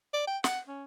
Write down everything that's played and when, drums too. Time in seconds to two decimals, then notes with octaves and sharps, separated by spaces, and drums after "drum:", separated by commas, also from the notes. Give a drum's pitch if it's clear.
0.14 D5
0.27 G5
0.44 F#5, drum: snare
0.68 C#4